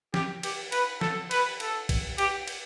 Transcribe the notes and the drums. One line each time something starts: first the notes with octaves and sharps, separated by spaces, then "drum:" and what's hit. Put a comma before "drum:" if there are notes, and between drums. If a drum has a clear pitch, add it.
G4, drum: snare
G4, drum: cymbal
B4, drum: cymbal
A4, drum: snare
B4, drum: cymbal
A4, drum: cymbal
drum: kick, cymbal
G4, drum: cymbal
drum: cymbal